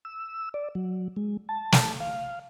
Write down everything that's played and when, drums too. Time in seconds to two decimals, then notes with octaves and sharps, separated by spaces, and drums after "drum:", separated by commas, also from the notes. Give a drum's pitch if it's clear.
0.05 E6
0.54 D5
0.75 F#3
1.16 G#3
1.49 A5
1.72 drum: snare
2.00 F5